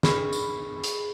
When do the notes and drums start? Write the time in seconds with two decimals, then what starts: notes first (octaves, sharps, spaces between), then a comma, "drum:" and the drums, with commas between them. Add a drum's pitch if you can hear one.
0.03 G#4 B5 C#6, drum: snare
0.33 drum: tambourine
0.84 drum: hi-hat